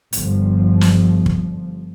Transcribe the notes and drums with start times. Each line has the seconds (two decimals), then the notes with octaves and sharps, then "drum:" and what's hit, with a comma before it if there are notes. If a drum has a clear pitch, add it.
0.13 G1 G2 F3, drum: hi-hat
0.81 drum: snare
1.26 drum: kick